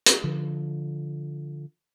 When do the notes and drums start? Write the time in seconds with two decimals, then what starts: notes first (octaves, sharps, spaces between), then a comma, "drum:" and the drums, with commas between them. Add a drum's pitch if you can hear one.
0.06 drum: hi-hat
0.24 D3 F3